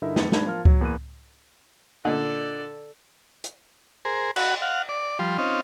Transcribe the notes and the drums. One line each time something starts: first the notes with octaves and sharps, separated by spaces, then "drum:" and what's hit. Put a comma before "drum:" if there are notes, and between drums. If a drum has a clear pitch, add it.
G2 D3 D#4 E4 A#4 E5
F2 B3 B4 B5 A6 C#7, drum: snare
G3 D4 B5 G#6, drum: snare
F3 F4 A#4 F5 A5 F6
F#3, drum: kick C#2
E2 A#3 B5 F#6 D#7
A#2 D3 A4 D5 D#5
drum: hi-hat
G#4 A#4 C5
F#4 F#5 B5, drum: cymbal
F5 F#5
D5
F3 G3 C6
C4 C#4 D#4 F4